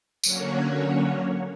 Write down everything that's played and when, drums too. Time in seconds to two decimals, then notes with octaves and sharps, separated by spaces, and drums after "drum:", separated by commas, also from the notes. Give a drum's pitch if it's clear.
0.24 D3 F#3 A#3 C#4 F#4 C#5, drum: tambourine